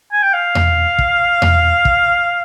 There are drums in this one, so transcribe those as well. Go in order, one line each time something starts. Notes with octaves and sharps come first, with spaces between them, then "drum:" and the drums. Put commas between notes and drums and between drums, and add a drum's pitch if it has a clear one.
G#5
G5
F5
drum: tom E2
drum: kick
drum: tom E2
drum: kick